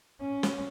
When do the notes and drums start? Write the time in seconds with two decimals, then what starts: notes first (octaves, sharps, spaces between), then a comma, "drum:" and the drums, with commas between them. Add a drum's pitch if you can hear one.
0.21 C#4
0.43 drum: snare